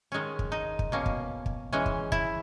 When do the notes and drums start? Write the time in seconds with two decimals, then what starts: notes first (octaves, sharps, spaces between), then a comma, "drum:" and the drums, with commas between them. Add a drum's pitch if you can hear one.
0.12 D#3 G#3 C#4
0.39 drum: kick
0.52 D#4
0.79 drum: kick
0.92 B2 A#3 C#4
1.06 drum: kick
1.46 drum: kick
1.73 E3 G#3 C#4
1.86 drum: kick
2.12 E4, drum: kick